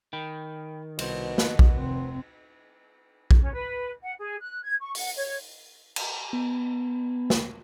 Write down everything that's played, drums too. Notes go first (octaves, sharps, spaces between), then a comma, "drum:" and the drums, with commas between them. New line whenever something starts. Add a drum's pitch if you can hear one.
D#3 G5 B5
C2 B2 C5, drum: cymbal
B4 F#5, drum: snare
drum: kick A#1
F1 C4
drum: kick A#1
C#4
B4
F#5
G#4
F#6
G#6
C#6
F#5, drum: open hi-hat
C#5
drum: cymbal
B3
drum: snare